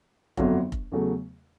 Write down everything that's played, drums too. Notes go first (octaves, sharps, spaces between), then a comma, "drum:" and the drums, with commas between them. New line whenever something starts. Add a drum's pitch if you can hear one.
G1 F2 D3 F#3, drum: kick F1
drum: kick F1
E2 C#3 F#3 A3